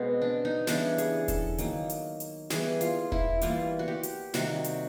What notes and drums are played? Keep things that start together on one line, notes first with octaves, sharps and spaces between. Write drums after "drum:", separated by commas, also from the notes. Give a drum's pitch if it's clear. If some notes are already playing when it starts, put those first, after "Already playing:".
Already playing: B2 G#3 B3 C4
D4
D#4
C#3 E3 G3 B3 D4, drum: snare
G#4, drum: hi-hat
A4, drum: kick E1, hi-hat
D#3 F#3 A#3, drum: hi-hat
drum: hi-hat
drum: hi-hat
E3 G3 B3 G#4, drum: snare
F4, drum: hi-hat
E4, drum: kick E1
E3 G3 A#3 F4, drum: hi-hat
F#4
G4
drum: hi-hat
C3 D#3 G3 A#3 F#4, drum: snare
drum: hi-hat